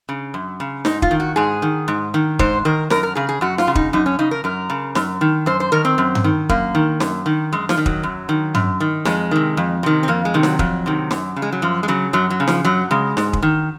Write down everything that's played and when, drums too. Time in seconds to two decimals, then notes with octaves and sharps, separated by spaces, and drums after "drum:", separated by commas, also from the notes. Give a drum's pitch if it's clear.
0.09 C#3
0.34 F#2
0.60 C#3
0.85 G#2 D#4, drum: snare
1.02 F4, drum: kick
1.11 D#3
1.20 F#4
1.36 G#2 G#4
1.62 D#3
1.88 G#2
2.14 D#3
2.39 G#2 C5, drum: kick
2.65 D#3 A#4
2.90 F#2 A#4, drum: snare
3.03 A#4
3.15 C#3 G#4
3.29 G#4
3.41 F#2 F#4
3.58 F4, drum: snare
3.67 C#3
3.75 D#4, drum: kick
3.93 F#2 D#4
4.06 C#4
4.19 C#3 D#4
4.31 A#4
4.44 F#2 A#4
4.70 C#3
4.95 F#2, drum: snare
5.21 D#3
5.46 F#2 C5
5.60 C5
5.72 D#3 A#4
5.85 C4
5.98 F#2
6.15 drum: tom G2
6.24 D#3
6.49 F#2 A#3, drum: kick
6.75 D#3
7.00 F#2, drum: snare
7.26 D#3
7.53 F#2 G#3
7.69 F3, drum: snare
7.77 D#3
7.86 F#3, drum: kick
8.03 F#2
8.29 D#3
8.55 F#2, drum: tom G2
8.80 D#3
9.05 F2 G#3, drum: snare
9.31 C3 D#3
9.57 F2
9.83 C3 D#3
10.03 C4
10.08 F2 A#3
10.25 G#3
10.34 C3 D#3
10.43 F#3, drum: snare
10.59 F2 F#3, drum: kick
10.86 C3 D#3
11.11 F#2, drum: snare
11.36 C#3
11.42 G#3
11.52 F#3
11.62 F#2 F3
11.83 G#3
11.88 C#3 F#3
12.13 F#2 F#3
12.30 F#3
12.40 C#3
12.47 F3, drum: snare
12.65 F#2 F#3
12.91 C#3 G#3
13.17 G#2, drum: snare
13.33 drum: kick
13.42 D#3